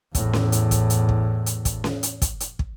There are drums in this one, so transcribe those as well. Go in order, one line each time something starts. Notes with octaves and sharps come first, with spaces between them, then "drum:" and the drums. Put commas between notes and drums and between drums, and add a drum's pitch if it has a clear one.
E2 A2, drum: kick, hi-hat
drum: snare C#4
drum: hi-hat
drum: kick, hi-hat
drum: hi-hat
drum: kick
drum: hi-hat
drum: kick, hi-hat
drum: snare C#4
drum: hi-hat
drum: kick, hi-hat
drum: hi-hat
drum: kick